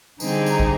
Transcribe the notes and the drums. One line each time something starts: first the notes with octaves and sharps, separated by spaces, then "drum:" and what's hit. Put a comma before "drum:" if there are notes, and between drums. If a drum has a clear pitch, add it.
D3 G3 C4 D#4 G#4, drum: tambourine
drum: tambourine
drum: kick